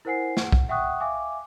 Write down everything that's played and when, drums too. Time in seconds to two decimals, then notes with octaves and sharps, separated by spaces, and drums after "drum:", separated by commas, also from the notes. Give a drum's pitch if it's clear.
0.05 E4 A#4 C5 F#5 G#5 C7
0.37 F#5, drum: snare
0.52 drum: kick
0.69 E5 F#5 G5 C#6 D#6 F#6
1.00 E5 F5 G#5 D6